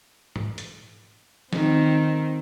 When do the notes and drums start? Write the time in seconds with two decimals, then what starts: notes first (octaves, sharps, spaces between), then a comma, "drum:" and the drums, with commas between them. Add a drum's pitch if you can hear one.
0.36 drum: tom G#2
0.58 drum: hi-hat
1.53 D#3 C4, drum: snare F3